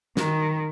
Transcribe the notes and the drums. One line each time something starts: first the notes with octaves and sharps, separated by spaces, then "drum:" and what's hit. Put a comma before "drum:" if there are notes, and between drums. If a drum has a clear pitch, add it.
D#3, drum: snare